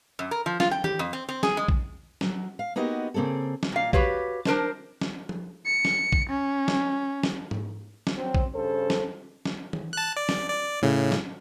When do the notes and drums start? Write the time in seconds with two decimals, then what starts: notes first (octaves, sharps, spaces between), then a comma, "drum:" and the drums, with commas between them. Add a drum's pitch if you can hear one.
0.19 F#2
0.31 A#4
0.46 F3
0.60 F4, drum: snare
0.71 G5
0.84 G4, drum: tom E3
0.99 F2
1.13 C4
1.29 C4
1.43 G#4, drum: snare
1.57 G#3
1.68 drum: kick A#1
2.21 F#3, drum: snare
2.59 F5
2.76 A#3 B3 D#4 F#4 G4 D#5
3.14 C#3 A#3 C4 G#4 A4
3.63 drum: snare
3.72 A#2 F5
3.93 F#4 G4 B4 C#5 F5, drum: kick A#1
4.45 D4 A#4 C5 A5, drum: snare
5.01 drum: snare
5.29 drum: tom F3
5.66 C#7
5.85 drum: snare
6.12 drum: kick A#1
6.29 C#4
6.68 drum: snare
7.23 drum: snare
7.51 drum: tom G#2
8.07 drum: snare
8.17 F#3 C4
8.34 drum: kick A#1
8.54 G2 C#3 A4 C5
8.90 drum: snare
9.45 drum: snare
9.73 drum: tom E3
9.93 A5 F#6
10.16 D5
10.29 drum: snare
10.49 D5
10.82 A2 C#3
11.12 drum: snare